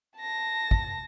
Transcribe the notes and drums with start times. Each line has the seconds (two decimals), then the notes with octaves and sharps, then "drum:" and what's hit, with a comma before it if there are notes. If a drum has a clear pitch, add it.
0.17 A5 A#6
0.71 drum: kick